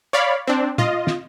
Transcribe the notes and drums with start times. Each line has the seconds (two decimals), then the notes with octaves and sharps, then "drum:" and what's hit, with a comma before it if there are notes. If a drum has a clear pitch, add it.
0.13 C#5 D5 F5 B5
0.47 C4 D4
0.78 F4 D#5, drum: tom
1.07 drum: snare